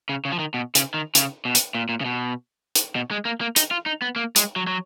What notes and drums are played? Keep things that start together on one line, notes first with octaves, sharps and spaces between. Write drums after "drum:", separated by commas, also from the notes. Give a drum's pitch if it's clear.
C#3
C#3
F3
D#3
B2
C#3, drum: hi-hat
D#3
C#3, drum: hi-hat
B2
drum: hi-hat
A#2
A#2
C#3
B2
drum: hi-hat
B2
G#3
A#3
A#3
D#4, drum: hi-hat
F4
D#4
B3
A#3
G#3, drum: hi-hat
F#3
F#3